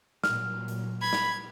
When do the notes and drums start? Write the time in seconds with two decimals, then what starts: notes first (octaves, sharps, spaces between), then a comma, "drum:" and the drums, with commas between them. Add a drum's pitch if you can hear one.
0.24 A#2 F#3 F6, drum: snare
0.68 drum: hi-hat
1.02 B5 G#6
1.13 drum: snare